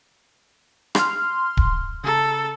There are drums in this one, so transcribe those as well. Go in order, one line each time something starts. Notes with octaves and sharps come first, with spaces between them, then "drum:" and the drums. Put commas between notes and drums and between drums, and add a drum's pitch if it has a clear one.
C6 F6, drum: rim click
drum: kick D1
C#3 A4 A#5